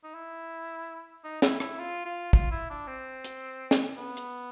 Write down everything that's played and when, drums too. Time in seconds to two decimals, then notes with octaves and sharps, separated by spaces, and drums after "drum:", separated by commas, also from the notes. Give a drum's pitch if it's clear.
0.04 D#4
0.15 E4
1.24 D#4
1.42 E4, drum: snare
1.60 E4, drum: rim click
1.79 F4
2.06 F4
2.33 F4, drum: kick
2.52 E4
2.70 D4
2.88 C4
3.24 drum: hi-hat
3.71 drum: snare
3.97 B3
4.17 drum: hi-hat